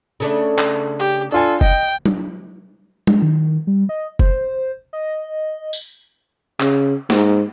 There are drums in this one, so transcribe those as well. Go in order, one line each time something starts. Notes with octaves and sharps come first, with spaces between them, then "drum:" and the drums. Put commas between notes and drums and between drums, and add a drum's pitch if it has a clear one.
C#3 A3 D4
drum: clap
G4
D4 F4 A4 G#5
D#5 G5, drum: kick F#1
drum: tom F#3
G#3, drum: tom F#3
D#3
G3
D#5
C5, drum: kick F#1
D#5
drum: tambourine
C#3, drum: clap
G#2, drum: snare